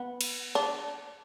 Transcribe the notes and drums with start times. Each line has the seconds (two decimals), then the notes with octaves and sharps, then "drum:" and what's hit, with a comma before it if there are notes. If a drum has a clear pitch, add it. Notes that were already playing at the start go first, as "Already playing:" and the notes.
Already playing: B3
0.21 drum: cymbal
0.55 D4